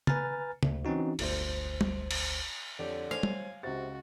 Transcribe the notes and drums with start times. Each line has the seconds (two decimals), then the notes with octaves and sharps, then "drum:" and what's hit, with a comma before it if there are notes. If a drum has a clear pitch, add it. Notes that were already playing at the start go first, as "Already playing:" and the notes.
0.07 B4 G#5 A#5 F6 A6, drum: tom C#3
0.63 D2, drum: tom C#3
0.85 E3 C4 C#4 D#4 F#4
1.19 G1 D2 C5, drum: cymbal
1.81 drum: tom
2.11 drum: cymbal
2.79 F2 D3 G4 C#5 D5
3.11 C5 C#5 F5 G#5
3.23 drum: tom
3.63 C#2 C3 F#4 A6